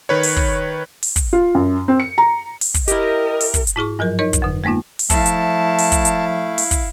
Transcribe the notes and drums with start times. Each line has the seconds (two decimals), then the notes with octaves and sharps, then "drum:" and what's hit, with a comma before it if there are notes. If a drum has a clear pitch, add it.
0.09 D#3 B4 C#5
0.23 drum: open hi-hat
0.36 drum: kick
1.03 drum: open hi-hat
1.16 drum: kick, hi-hat
1.33 F4
1.55 F#2
1.88 C4
2.00 C#7
2.18 A#5
2.61 drum: open hi-hat
2.74 drum: kick, hi-hat
2.88 E4 G4 A#4 D#5, drum: hi-hat
3.40 drum: open hi-hat
3.54 drum: kick, hi-hat
3.67 drum: hi-hat
3.76 G#2 E4 G#4 C#6
3.99 G2 F3 F#3 A#4
4.19 D#4 A#4 C#5 D#5
4.33 drum: kick, hi-hat
4.42 F2 D3
4.64 G#3 A#3 B3 D#4 F4
4.99 drum: open hi-hat
5.10 F3 A3 E4 F5 A5, drum: kick, hi-hat
5.26 drum: hi-hat
5.78 drum: open hi-hat
5.92 drum: kick, hi-hat
6.05 drum: hi-hat
6.58 drum: open hi-hat
6.71 drum: kick, hi-hat